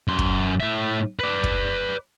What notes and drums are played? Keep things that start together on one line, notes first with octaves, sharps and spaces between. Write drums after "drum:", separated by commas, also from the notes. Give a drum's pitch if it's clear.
F#2 C6
drum: kick
A2 E5
B4 D5
drum: kick